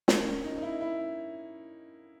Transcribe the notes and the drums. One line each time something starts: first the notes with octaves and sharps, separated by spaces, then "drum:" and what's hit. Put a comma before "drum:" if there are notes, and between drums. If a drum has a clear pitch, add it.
A#3, drum: snare
C#4
D#4
D#4
E4
E4